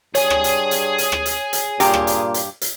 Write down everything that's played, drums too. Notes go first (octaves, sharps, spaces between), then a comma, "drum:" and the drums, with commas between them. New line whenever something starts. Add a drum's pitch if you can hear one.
G2 G#4 C#5 G#5, drum: hi-hat
drum: rim click
drum: hi-hat
drum: hi-hat
drum: hi-hat
drum: rim click
drum: hi-hat
drum: hi-hat
G2 A#2 G4 A#5, drum: hi-hat
drum: rim click
drum: hi-hat
drum: hi-hat
drum: hi-hat